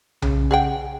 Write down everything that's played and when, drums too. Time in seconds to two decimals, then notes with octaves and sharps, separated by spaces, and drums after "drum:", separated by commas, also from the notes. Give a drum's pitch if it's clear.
0.22 C#3, drum: tom B1
0.51 G#4 F#5 G5